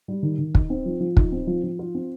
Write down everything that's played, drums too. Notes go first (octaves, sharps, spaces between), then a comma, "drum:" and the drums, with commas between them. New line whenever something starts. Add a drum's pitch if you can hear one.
G3
D#3
D#3
D#4, drum: kick
C4
F3
F3
D#4, drum: kick
C4
F3
F3
F4
C4